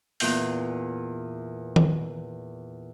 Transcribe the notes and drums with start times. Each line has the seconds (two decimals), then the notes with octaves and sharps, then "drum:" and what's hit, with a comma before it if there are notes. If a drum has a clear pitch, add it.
0.20 E2 A#2 G6, drum: open hi-hat
1.76 drum: tom D#3